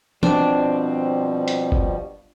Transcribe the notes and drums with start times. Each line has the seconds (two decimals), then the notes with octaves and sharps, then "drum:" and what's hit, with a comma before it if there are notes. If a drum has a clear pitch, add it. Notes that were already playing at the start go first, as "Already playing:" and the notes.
0.23 B2 F3 G3 C4 D4, drum: tom
1.48 drum: hi-hat
1.72 drum: kick G1